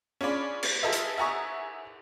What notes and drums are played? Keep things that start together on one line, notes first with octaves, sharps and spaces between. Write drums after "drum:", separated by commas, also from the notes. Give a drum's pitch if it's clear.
C#4 D4 F4 G#4 D5 B5
drum: cymbal
F4 G#4 A4 B4 D#5 E5
drum: hi-hat
E5 F#5 G#5 A#5 C#6 D#6